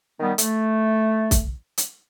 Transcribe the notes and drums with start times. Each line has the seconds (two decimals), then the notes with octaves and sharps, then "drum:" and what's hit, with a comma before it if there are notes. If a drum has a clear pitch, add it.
0.20 D#3 G3 B3
0.38 A3, drum: hi-hat
1.31 drum: kick, hi-hat
1.78 drum: hi-hat